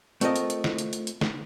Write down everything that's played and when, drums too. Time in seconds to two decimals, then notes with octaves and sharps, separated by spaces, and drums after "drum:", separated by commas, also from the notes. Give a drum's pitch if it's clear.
0.21 A3 C4 F4 A#4 D#5, drum: hi-hat
0.36 drum: hi-hat
0.50 drum: hi-hat
0.64 drum: snare
0.78 drum: hi-hat
0.93 drum: hi-hat
1.07 drum: hi-hat
1.21 drum: snare